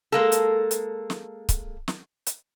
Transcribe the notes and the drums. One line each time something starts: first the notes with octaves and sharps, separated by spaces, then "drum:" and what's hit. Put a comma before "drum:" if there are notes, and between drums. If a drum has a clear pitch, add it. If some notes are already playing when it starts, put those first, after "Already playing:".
G#3 A#3 A4
drum: hi-hat
drum: hi-hat
drum: snare
drum: kick C#1, hi-hat
drum: snare
drum: hi-hat